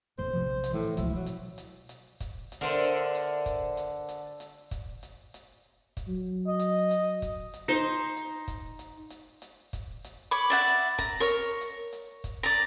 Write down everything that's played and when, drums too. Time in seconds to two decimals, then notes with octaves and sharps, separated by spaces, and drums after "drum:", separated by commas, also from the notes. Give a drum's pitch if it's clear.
0.18 F#1 E2 A2 C5
0.33 A#1 C3 F3
0.64 drum: hi-hat
0.73 A2 E3
0.97 C#2 B2 F3 E4, drum: kick, hi-hat
1.15 B2 F#3
1.26 drum: hi-hat
1.58 drum: hi-hat
1.89 drum: hi-hat
2.20 drum: kick, hi-hat
2.52 drum: hi-hat
2.61 D3 A#4 C5 E5
2.83 drum: hi-hat
3.15 drum: hi-hat
3.46 drum: kick, hi-hat
3.77 drum: hi-hat
4.09 drum: hi-hat
4.40 drum: hi-hat
4.71 drum: kick, hi-hat
5.03 drum: hi-hat
5.34 drum: hi-hat
5.97 drum: kick, hi-hat
6.08 F#3
6.48 D#5
6.59 drum: hi-hat
6.91 drum: hi-hat
7.22 drum: kick, hi-hat
7.54 drum: hi-hat
7.68 D#4 C5
8.16 drum: hi-hat
8.48 drum: kick, hi-hat
8.79 drum: hi-hat
9.10 drum: hi-hat
9.42 drum: hi-hat
9.73 drum: kick, hi-hat
10.04 drum: hi-hat
10.31 C#5 B5 D6
10.50 D5 E5 F#5
10.67 drum: hi-hat
10.99 A#5, drum: kick, hi-hat
11.20 A#4 C#5
11.30 drum: hi-hat
11.61 drum: hi-hat
11.93 drum: hi-hat
12.24 drum: kick, hi-hat
12.43 D5 A#5